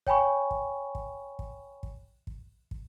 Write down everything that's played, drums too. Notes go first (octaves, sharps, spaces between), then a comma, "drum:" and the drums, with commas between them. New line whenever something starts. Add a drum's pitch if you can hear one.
C#5 G5 G#5 B5 C#6, drum: kick
drum: kick
drum: kick
drum: kick
drum: kick
drum: kick
drum: kick